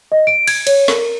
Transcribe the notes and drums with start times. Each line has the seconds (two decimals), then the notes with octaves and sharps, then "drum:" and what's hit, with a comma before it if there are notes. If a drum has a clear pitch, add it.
0.12 D#5
0.27 D7
0.47 G#6, drum: cymbal
0.67 C#5, drum: cymbal
0.88 A#4, drum: snare